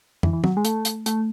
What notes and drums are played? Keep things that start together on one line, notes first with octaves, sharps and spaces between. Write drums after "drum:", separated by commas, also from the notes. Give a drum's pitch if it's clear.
E3, drum: tom
E3
F#3, drum: tom
G#3
A3, drum: hi-hat
drum: hi-hat
A3, drum: hi-hat